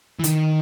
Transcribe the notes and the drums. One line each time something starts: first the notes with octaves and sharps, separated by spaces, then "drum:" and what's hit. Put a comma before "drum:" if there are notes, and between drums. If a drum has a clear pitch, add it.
E3
D#3, drum: hi-hat